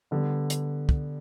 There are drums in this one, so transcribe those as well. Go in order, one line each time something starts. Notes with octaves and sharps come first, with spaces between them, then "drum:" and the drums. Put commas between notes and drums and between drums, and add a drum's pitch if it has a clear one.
D3 G3 B3
drum: hi-hat
drum: kick